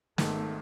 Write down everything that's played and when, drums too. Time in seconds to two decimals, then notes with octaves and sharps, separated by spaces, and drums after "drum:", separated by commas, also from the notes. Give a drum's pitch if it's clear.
0.18 G#1 G#2 D#3 A3, drum: snare